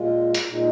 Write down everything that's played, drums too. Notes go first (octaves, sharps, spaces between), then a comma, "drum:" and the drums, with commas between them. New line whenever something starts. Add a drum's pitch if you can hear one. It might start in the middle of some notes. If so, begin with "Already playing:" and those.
Already playing: A#2 G#3 F4
drum: hi-hat
A#2 G#3 D#4